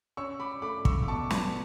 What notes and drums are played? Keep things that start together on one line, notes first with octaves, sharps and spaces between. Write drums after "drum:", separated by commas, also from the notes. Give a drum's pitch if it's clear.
C#4 C#6 E6
B5 D6
A3 B5 D6
C#6 E6, drum: kick
D6
B2 A5 C#6
B4 D5, drum: snare